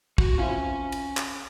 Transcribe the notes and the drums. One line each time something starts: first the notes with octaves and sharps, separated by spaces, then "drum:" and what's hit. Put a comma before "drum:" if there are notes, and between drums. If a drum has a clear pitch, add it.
F#4 G4, drum: kick
C4 C#4 E4 F4 G#5
drum: cymbal
drum: clap